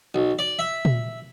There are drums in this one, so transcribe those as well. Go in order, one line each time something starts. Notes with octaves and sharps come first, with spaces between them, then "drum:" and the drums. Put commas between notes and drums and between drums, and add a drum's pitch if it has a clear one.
B1
D5
E5
drum: tom A#2